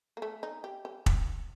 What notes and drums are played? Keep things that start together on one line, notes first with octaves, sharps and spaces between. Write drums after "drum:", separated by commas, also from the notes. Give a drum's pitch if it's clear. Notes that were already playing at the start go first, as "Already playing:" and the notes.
A#3
A3
D#4
G4
G4
drum: kick